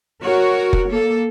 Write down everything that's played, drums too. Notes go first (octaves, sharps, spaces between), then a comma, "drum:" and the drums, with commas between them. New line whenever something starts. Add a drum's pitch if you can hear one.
F#4 A#4 C#5
drum: kick F1
A#3 A4